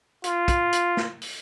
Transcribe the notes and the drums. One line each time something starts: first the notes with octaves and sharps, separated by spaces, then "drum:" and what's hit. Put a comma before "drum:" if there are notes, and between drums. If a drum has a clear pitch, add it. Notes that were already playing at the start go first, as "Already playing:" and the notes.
F4, drum: hi-hat
drum: kick, hi-hat
drum: hi-hat
drum: snare
drum: open hi-hat